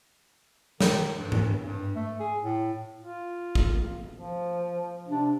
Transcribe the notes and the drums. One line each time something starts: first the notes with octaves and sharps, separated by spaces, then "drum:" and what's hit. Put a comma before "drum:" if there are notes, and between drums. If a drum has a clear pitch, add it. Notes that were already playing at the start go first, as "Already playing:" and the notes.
D#3, drum: snare
G2
drum: tom G#2
G2
A3
G#4
A2
F4
drum: kick
F3
C3 D4